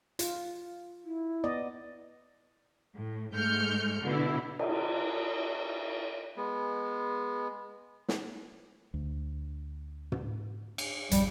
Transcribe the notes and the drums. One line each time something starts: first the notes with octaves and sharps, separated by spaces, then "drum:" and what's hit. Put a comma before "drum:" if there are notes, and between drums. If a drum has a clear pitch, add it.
F4, drum: hi-hat
E4
B3 D5 D#5
A2
G#2 G#3 A3 F6 G6 C#7
B2 D3 E4
drum: cymbal
G#3 B3
drum: snare
D2
drum: tom
drum: cymbal
G#1 F2 G3, drum: hi-hat